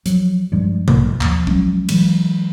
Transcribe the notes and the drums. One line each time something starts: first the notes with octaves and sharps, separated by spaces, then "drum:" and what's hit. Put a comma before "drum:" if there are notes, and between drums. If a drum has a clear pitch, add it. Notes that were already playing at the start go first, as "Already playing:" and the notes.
F3 F#3, drum: hi-hat
G2 F3 G3 G#3
B1 G#2 A#3, drum: tom B2
D#2 F3, drum: clap
F3 F#3 G#3 C#4, drum: kick
E3 F#3 G#3, drum: cymbal